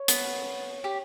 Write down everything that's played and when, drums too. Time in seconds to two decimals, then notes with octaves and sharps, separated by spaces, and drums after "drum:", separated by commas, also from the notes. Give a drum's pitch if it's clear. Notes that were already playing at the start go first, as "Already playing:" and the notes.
Already playing: C#5
0.08 B3, drum: hi-hat
0.84 G4